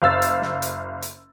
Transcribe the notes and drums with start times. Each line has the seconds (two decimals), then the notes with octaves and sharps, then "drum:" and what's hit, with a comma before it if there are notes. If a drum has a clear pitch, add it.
0.02 F#1 F5 E6 A6
0.22 drum: hi-hat
0.42 drum: snare
0.62 drum: hi-hat
1.02 drum: hi-hat